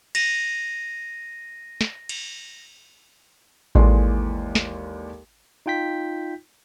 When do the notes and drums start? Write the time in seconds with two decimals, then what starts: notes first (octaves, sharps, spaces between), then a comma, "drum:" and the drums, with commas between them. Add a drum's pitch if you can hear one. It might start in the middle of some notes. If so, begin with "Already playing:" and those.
0.15 A#6 D#7, drum: cymbal
1.81 drum: snare
2.09 drum: cymbal
3.75 D#2 E3 G#3 A4 D5 C6, drum: kick A1
4.55 drum: snare
5.66 D#4 F4 G5 G6 B6